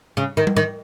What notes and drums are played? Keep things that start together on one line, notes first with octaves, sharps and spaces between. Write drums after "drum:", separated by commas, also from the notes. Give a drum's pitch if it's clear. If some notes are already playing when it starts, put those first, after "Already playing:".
C#3
D#3
drum: tom G3
D#3